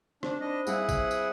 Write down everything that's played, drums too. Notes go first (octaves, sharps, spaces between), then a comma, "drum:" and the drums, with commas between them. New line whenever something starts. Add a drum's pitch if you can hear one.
C4 D4, drum: rim click
D4 D#4 D#5 B5
G2 C4 E4 G#4 E5 F#5, drum: tambourine
drum: kick G#1, tambourine
drum: tambourine